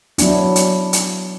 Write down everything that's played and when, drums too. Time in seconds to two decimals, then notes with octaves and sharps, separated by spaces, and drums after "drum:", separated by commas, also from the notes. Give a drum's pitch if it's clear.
0.18 F#3 B3 D4 E4, drum: hi-hat
0.56 drum: hi-hat
0.93 drum: hi-hat